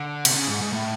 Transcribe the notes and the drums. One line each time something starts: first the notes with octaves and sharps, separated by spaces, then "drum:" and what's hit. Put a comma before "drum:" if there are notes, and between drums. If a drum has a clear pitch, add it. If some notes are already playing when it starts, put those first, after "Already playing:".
Already playing: D3
C3, drum: cymbal
C#3
G#2
G#2
A2